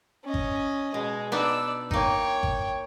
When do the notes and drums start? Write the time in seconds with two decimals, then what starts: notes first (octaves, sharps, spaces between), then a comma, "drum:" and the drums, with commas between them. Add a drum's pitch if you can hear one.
0.24 C#4 D#5
0.34 drum: kick G#1
0.94 B2 G#3
1.32 B3 D4 D#4 D5 E6
1.91 A#3 D#4 C#5 G5, drum: kick G#1
2.43 drum: kick G#1